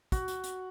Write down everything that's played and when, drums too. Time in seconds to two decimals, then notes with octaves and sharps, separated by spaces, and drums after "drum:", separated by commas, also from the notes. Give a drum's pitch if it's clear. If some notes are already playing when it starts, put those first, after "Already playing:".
0.12 F#4, drum: kick, hi-hat
0.28 drum: hi-hat
0.44 drum: hi-hat